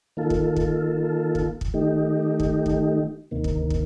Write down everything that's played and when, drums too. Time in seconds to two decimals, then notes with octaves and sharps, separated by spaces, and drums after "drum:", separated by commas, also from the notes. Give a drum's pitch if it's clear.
0.17 D#3 A#3 F4 A4
0.30 drum: kick
0.56 drum: kick
1.35 drum: kick
1.61 drum: kick
1.74 D#3 A3 D#4 G4
2.40 drum: kick
2.66 drum: kick
3.31 D2 C3 D#3 A#3
3.44 drum: kick
3.70 drum: kick